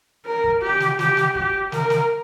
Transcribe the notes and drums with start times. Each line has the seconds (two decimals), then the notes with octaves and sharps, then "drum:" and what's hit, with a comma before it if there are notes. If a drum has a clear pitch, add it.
0.25 A#4
0.44 drum: kick
0.62 G4
0.80 drum: snare
0.99 G4, drum: snare
1.17 drum: snare
1.35 G4, drum: kick
1.72 A#4, drum: snare
1.90 drum: snare